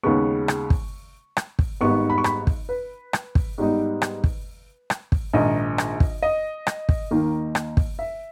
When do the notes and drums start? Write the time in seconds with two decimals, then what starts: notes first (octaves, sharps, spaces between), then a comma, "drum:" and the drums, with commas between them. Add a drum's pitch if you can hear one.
0.03 D#2 C#3 G#3 B3 C#6
0.48 drum: rim click
0.70 drum: kick
1.37 drum: rim click
1.59 drum: kick
1.81 G#1 G#2 G3 B3 C#6
2.10 B5
2.18 C#6
2.24 B5, drum: rim click
2.47 drum: kick
2.69 B4
3.13 drum: rim click
3.35 drum: kick
3.58 G#2 G3 B3 D#4
4.02 drum: rim click
4.24 drum: kick
4.90 drum: rim click
5.12 drum: kick
5.33 A#1 G#2 D#3 D#5
5.78 drum: rim click
6.00 drum: kick
6.23 D#5
6.67 drum: rim click
6.89 drum: kick
7.11 D#2 D#3 A#3
7.55 drum: rim click
7.77 drum: kick
7.99 E5